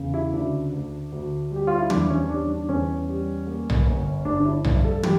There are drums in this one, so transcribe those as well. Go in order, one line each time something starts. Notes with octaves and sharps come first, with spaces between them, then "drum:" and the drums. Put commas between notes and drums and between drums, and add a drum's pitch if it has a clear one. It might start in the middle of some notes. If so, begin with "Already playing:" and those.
Already playing: E2 C#3
E4
D2 D4
D2
D2
G3
G4
F4
E4
E2 D4, drum: tom
C#4
G3 D4
D4
E2 C#4
G3
A#3
drum: tom B1
G1
G1 D4
D4
E4
G2, drum: tom B1
A4
G4, drum: tom